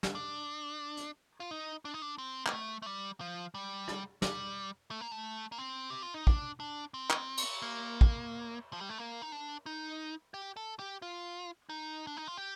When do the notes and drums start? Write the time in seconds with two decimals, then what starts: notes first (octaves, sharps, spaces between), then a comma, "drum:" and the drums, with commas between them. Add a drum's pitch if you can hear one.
0.03 drum: snare
0.15 D4
0.97 drum: hi-hat
1.40 F4
1.51 D#4
1.85 D4
1.94 D#4
2.02 D4
2.18 C4
2.46 G3, drum: clap
2.52 A3
2.82 A3
2.86 G3
3.20 F3
3.55 G3
3.88 drum: rim click
4.22 G3, drum: snare
4.91 A3
5.01 A#3
5.12 A3
5.52 A#3
5.58 C4
5.90 G4
6.03 F4
6.14 D#4
6.27 D4, drum: kick
6.60 D4
6.94 C4
7.10 drum: clap
7.37 drum: cymbal
7.62 A#3
8.01 drum: kick
8.73 F3
8.81 G3
8.89 A3
8.98 A#3
9.22 D#4
9.32 D4
9.66 D#4
10.34 G4
10.56 A4
10.79 G4
11.02 F4
11.69 D#4
12.07 D4
12.17 D#4
12.28 F4
12.37 G4